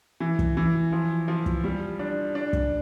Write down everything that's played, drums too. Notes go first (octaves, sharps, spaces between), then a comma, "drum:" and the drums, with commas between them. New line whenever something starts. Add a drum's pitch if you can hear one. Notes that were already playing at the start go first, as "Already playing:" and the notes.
E3
drum: kick
E3
F3
F3
drum: kick
G3
D4
D4
drum: kick